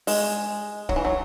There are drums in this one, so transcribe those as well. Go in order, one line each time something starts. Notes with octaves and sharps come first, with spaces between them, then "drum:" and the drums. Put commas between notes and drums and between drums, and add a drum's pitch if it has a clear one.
G#3, drum: open hi-hat
F#3, drum: kick
E3
F#3